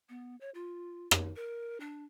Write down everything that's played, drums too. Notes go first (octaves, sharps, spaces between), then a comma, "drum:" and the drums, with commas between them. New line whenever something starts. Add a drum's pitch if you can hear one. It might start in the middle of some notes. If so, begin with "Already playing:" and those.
B3
C#5
F4
drum: rim click
A#4
D4